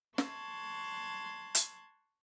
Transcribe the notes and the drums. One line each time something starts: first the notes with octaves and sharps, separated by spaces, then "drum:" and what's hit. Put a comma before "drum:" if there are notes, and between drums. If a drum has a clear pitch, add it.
A5 C6 C#6 F#6 G#6, drum: snare
drum: hi-hat